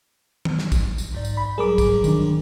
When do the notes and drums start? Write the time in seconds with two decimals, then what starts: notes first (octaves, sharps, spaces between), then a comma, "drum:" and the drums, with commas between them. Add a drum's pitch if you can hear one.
0.45 drum: tom D#3
0.59 drum: snare
0.72 drum: kick A#1, tambourine
0.98 drum: tambourine
1.13 B1 G#2 D5
1.25 drum: tambourine
1.37 B5
1.58 B1 F#3 G3 G#4 A#4 D6
1.78 G#1, drum: kick A#1, tambourine
2.04 D#3 D4, drum: tambourine